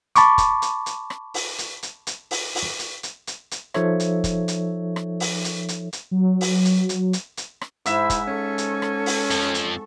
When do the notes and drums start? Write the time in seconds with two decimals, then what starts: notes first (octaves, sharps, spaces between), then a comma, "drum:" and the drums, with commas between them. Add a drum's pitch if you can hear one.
0.16 A5 B5 C#6 D6, drum: hi-hat
0.38 drum: kick, hi-hat
0.62 drum: hi-hat
0.86 drum: hi-hat
1.10 drum: rim click
1.34 drum: open hi-hat
1.58 drum: hi-hat
1.83 drum: hi-hat
2.07 drum: hi-hat
2.31 drum: open hi-hat
2.55 drum: open hi-hat
2.79 drum: hi-hat
3.03 drum: hi-hat
3.27 drum: hi-hat
3.51 drum: hi-hat
3.74 F3 D#4 A4 C#5 E5, drum: rim click
4.00 drum: hi-hat
4.24 drum: kick, hi-hat
4.48 drum: hi-hat
4.96 drum: rim click
5.20 drum: open hi-hat
5.44 drum: hi-hat
5.68 drum: hi-hat
5.93 drum: hi-hat
6.11 F#3
6.41 drum: open hi-hat
6.65 drum: hi-hat
6.89 drum: hi-hat
7.13 drum: hi-hat
7.37 drum: hi-hat
7.61 drum: rim click
7.86 G#2 E4 C5 E5 B5, drum: hi-hat
8.10 drum: kick, hi-hat
8.27 C#4 A4 C#6
8.58 drum: hi-hat
8.82 drum: rim click
9.06 drum: open hi-hat
9.30 F2 F3, drum: hi-hat
9.54 drum: hi-hat